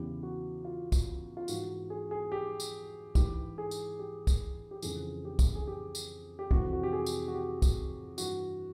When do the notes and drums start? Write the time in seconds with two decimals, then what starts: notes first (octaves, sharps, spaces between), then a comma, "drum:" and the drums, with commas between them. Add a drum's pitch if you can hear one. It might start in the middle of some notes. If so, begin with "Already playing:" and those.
Already playing: E2 C#3 E3 G4
0.23 F#4
0.65 F4
0.92 drum: kick, tambourine
1.37 F4
1.48 G#2 E3 F#4, drum: tambourine
1.90 G#4
2.11 G#4
2.32 G4
2.60 drum: tambourine
3.15 G#2 E3 G4, drum: kick, tambourine
3.58 G#4
3.71 drum: tambourine
3.99 G4
4.27 drum: kick, tambourine
4.71 G4
4.82 F2 C#3 E3 G#4, drum: tambourine
5.25 G4
5.39 drum: kick, tambourine
5.55 G#4
5.67 G4
5.95 drum: tambourine
6.39 G4
6.51 F2 C3 E3 F#4, drum: kick
6.73 F#4
6.83 G4
6.93 G#4
7.06 drum: tambourine
7.28 F#4
7.34 G4
7.62 drum: kick, tambourine
8.18 G2 E3 F#4, drum: tambourine